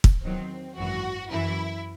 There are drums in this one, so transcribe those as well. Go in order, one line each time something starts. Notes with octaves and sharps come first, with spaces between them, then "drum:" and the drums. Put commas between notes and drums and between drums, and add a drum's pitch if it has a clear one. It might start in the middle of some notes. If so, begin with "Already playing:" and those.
drum: kick
E2 D#3 F#3 C4
G#1 F#2 E3 F#4
F#2 E3 E4